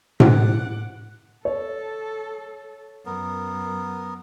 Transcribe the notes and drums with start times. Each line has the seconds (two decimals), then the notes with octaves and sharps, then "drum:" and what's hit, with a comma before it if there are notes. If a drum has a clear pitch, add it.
0.20 F#5 D6, drum: tom A2
1.45 A4 C#5
3.06 F#2 B3 A#4